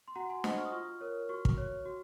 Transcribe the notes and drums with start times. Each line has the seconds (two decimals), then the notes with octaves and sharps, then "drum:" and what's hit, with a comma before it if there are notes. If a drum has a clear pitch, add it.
0.08 C6
0.16 F#4 F#5 A#5
0.30 G#5 C6
0.44 C5 D#5 F#5, drum: snare
0.58 C#6 F6
0.65 D#6
0.72 F4 C#6 F6
1.01 A#4 C#5
1.29 F#4 C#6 F6
1.45 drum: kick
1.58 C#5
1.85 F#4